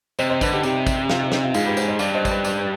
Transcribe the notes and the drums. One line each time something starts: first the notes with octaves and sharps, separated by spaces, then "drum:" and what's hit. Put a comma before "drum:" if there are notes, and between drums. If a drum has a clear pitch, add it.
C3 C5 D#5, drum: tambourine
C5 D#5
D3 B4 D5, drum: kick, tambourine
D#4 G4
C3 D#4 G4, drum: tambourine
drum: kick, tambourine
F4, drum: snare
D#4
D#4, drum: snare
F4
G#2 F4 G#4, drum: tambourine
G4 B4
G#4 C5, drum: tambourine
C5 D#5
G2 D5 F5, drum: tambourine
C5 D#5
C5, drum: kick, tambourine
B4 D5
B4 D5, drum: tambourine